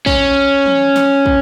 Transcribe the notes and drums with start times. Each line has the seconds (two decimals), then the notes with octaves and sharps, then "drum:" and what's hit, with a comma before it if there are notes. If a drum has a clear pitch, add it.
0.06 C#4, drum: kick
0.66 drum: tom
0.96 drum: snare
1.26 drum: kick